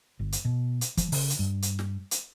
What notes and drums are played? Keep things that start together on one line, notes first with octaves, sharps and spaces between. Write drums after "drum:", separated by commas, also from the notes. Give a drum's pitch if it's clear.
G1
drum: hi-hat
B2
drum: hi-hat
F3, drum: kick, hi-hat
C#3, drum: open hi-hat
drum: hi-hat
G2
drum: hi-hat
drum: snare
drum: hi-hat